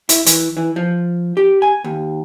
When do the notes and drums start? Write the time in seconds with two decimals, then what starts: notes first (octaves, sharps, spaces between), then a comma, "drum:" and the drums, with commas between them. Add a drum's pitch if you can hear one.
0.09 E4, drum: hi-hat
0.26 E3, drum: hi-hat
0.57 E3
0.76 F3
1.37 G4
1.62 G#5
1.84 D#2